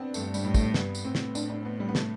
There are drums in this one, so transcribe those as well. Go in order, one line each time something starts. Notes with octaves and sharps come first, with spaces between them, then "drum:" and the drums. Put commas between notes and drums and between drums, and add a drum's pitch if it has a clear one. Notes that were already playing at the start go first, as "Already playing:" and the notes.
Already playing: B3 C4 D4
G2 A3, drum: tambourine
G3, drum: tambourine
A2 G3
A3, drum: kick, tambourine
G2 B3, drum: snare
drum: tambourine
A2 C4
drum: snare
D4, drum: tambourine
D4
B3
G3
B3
A3, drum: snare